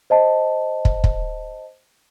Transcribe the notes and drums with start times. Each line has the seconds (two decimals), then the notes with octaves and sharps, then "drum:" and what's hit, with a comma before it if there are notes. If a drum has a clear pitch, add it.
0.10 C5 D#5 A5
0.85 drum: kick
1.04 drum: kick